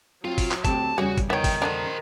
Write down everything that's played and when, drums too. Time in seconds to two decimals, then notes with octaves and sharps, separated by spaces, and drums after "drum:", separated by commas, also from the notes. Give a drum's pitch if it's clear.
0.25 F#3 C4 F4
0.38 drum: kick, open hi-hat
0.51 drum: clap
0.65 D2 C4 G4 A5, drum: kick, hi-hat
0.98 E2 C#3 G3 C#4 F#4 G#4
1.18 drum: kick, hi-hat
1.30 D#3 B3 E4 C#5 G5
1.44 drum: kick, open hi-hat
1.62 D3 C#4 D4 A#4 C5